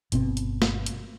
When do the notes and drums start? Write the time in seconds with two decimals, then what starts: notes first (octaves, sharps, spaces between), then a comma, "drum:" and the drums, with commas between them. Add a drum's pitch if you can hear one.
0.12 G1 B2 C4, drum: hi-hat
0.37 drum: hi-hat
0.62 drum: snare
0.86 drum: hi-hat